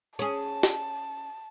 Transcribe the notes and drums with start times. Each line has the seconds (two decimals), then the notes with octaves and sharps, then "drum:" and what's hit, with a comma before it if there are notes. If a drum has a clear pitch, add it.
0.19 C#4 G#4 A5
0.63 drum: snare